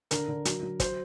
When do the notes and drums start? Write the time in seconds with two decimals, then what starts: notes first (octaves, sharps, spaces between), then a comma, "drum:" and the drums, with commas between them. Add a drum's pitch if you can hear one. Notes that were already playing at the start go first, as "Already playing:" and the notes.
0.11 D3 A#4, drum: hi-hat
0.28 D3
0.45 F#3, drum: hi-hat
0.63 F#3
0.80 F#4 C5, drum: kick, hi-hat